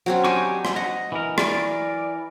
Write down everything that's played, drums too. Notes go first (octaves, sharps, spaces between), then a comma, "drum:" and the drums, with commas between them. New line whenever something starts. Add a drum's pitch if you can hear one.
F#3 C4 C#4
D4 D#4 G4 G#5 C#6
drum: rim click
D#5 F#5
E3 A#4
D5, drum: rim click